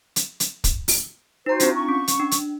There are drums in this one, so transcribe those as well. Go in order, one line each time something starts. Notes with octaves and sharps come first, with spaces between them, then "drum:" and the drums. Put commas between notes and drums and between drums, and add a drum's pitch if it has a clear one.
drum: hi-hat
drum: hi-hat
drum: kick, hi-hat
drum: open hi-hat
D#4 F#4 C5 A#5
C4 D4 F4, drum: hi-hat
C#6
C#4
drum: hi-hat
D4
drum: hi-hat